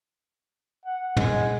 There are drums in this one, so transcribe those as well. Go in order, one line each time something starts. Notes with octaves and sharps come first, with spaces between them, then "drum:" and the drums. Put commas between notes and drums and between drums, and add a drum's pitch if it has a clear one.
F#5
G#3, drum: tom